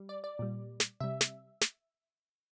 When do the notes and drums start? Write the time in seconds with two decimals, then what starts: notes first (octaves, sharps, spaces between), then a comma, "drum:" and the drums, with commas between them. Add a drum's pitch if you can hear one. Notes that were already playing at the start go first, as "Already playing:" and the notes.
Already playing: G3
0.09 D5
0.24 D5
0.39 A#2 G3
0.80 drum: snare
1.00 C3 G3 E5
1.21 drum: snare
1.61 drum: snare